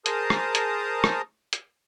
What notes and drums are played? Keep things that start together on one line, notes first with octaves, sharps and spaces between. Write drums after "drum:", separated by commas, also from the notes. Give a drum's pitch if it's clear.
G#4 A#4 C5 A5 A#5 D#6, drum: hi-hat
drum: rim click
drum: hi-hat
drum: rim click
drum: hi-hat